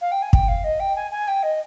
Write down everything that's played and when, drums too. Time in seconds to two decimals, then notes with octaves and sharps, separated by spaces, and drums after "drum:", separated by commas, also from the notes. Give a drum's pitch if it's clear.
0.01 F5
0.12 G5
0.22 G#5
0.33 G5, drum: kick
0.48 F5
0.64 D#5
0.80 G5
0.96 G#5
1.11 G#5
1.28 G5
1.43 D#5